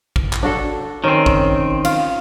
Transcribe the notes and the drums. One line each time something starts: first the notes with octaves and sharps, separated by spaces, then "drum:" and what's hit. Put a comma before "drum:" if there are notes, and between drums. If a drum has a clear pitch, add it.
drum: kick G#1
drum: clap
D4 F#4 A4
D#3 C4 C#4
drum: kick G#1
F4, drum: cymbal